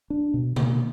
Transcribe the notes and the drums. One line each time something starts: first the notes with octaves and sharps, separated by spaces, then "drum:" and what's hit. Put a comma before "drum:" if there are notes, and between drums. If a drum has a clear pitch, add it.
D4
B2
B2, drum: tom C3